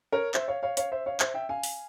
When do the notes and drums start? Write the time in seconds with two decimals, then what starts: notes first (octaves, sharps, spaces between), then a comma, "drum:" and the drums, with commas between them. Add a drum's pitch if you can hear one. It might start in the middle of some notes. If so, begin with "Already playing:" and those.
0.12 A#4 C#5
0.34 C5 E5, drum: clap
0.48 C#5 F5
0.63 C#5 F5
0.77 C#5 F5, drum: hi-hat
0.92 C5 E5
1.06 C#5 F5
1.20 C5 E5, drum: clap
1.34 E5 G5
1.49 F5 G#5
1.63 drum: open hi-hat